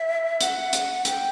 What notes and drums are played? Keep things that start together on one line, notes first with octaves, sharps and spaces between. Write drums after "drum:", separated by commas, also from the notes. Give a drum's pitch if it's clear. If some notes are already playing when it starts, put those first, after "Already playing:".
Already playing: E5
F#5, drum: hi-hat
drum: hi-hat
G5, drum: hi-hat